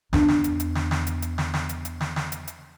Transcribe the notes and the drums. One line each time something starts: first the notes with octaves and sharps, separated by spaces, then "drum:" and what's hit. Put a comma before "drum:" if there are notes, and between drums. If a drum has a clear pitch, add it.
E2 D4, drum: snare
drum: snare
drum: hi-hat
drum: hi-hat
drum: snare
drum: snare
drum: hi-hat
drum: hi-hat
drum: snare
drum: snare
drum: hi-hat
drum: hi-hat
drum: snare
drum: snare
drum: hi-hat
drum: hi-hat